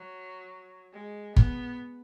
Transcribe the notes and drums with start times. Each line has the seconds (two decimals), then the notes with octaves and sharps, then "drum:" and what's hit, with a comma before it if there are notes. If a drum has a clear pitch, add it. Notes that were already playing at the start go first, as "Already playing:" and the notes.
Already playing: F#3
0.93 G#3
1.36 B3, drum: kick G1